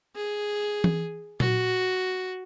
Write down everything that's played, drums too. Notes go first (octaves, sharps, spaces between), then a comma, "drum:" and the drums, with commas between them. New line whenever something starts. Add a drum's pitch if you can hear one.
G#4
drum: tom E3
F#4, drum: tom A#2